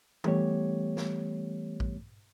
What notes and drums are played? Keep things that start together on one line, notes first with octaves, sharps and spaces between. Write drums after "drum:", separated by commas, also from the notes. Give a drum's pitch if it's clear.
E3 G3 A3 B3 G4 C#5, drum: tom E3
drum: snare
drum: kick A#1